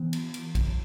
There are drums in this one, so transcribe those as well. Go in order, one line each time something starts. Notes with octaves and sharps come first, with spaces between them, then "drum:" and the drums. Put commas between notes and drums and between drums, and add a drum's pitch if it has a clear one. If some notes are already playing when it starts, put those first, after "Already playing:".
Already playing: E3 B3
drum: cymbal
drum: cymbal
drum: kick, cymbal